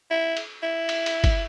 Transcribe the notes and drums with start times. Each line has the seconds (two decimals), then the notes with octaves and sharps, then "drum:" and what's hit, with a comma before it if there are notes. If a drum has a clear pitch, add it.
0.11 E4
0.37 drum: cymbal
0.63 E4
0.89 drum: cymbal
1.06 drum: cymbal
1.24 drum: kick, cymbal